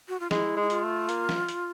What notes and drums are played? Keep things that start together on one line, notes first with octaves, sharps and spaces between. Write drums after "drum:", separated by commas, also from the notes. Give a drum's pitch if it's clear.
F#4
F4
G#3 E4, drum: snare
G#3
E4
F4, drum: hi-hat
A3
A#3, drum: hi-hat
drum: snare
drum: hi-hat